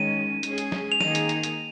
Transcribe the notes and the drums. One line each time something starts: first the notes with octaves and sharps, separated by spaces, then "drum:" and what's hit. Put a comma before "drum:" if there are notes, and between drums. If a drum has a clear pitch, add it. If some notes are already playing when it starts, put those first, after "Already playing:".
Already playing: D#3 G#3 C#4 D#7
G#3 C#4 G#4, drum: hi-hat
drum: hi-hat
drum: snare
F7
D#3 A#3 D#4 G#4 D#7, drum: snare
drum: hi-hat
drum: hi-hat
drum: hi-hat